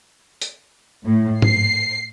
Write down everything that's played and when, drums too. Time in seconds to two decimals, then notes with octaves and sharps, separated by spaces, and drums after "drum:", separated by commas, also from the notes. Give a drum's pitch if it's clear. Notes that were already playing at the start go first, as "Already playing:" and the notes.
0.42 drum: hi-hat
1.06 A2
1.42 C7, drum: tom G#2